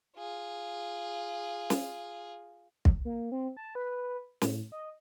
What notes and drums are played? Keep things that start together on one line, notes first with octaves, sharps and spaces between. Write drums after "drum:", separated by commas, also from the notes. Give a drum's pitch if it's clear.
F4 G#4
drum: snare
drum: kick
A#3
C4
A5
B4
A2, drum: snare
D#5